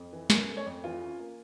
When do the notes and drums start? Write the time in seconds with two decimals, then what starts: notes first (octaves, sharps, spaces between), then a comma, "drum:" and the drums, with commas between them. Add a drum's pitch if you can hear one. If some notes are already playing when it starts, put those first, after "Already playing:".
Already playing: F2
0.13 E3
0.30 C#4 A#4, drum: snare
0.49 A3
0.57 C#5
0.66 F2
0.84 E3 F4
1.02 C#4
1.19 A#3